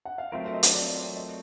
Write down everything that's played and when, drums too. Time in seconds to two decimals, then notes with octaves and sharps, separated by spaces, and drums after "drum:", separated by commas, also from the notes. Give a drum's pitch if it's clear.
0.05 F#5
0.18 F5
0.32 F#3 A3 C4 F4 A#4 E5
0.46 E5
0.53 D#5
0.63 drum: hi-hat
0.75 D5
0.88 D5
1.01 D5
1.16 D#5